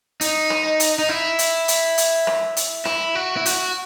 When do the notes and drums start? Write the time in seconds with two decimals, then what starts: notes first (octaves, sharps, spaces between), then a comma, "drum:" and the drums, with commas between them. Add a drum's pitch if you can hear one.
0.21 D#4, drum: hi-hat
0.50 drum: rim click
0.80 drum: hi-hat
0.99 D#4
1.09 E4
1.39 drum: hi-hat
1.68 drum: hi-hat
1.98 drum: hi-hat
2.27 drum: rim click
2.57 drum: hi-hat
2.85 E4, drum: rim click
3.15 F#4
3.37 E4
3.46 F#4, drum: hi-hat